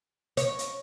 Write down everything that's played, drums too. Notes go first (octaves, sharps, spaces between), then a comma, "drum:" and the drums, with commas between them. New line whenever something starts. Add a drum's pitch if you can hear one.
C#5, drum: hi-hat
drum: hi-hat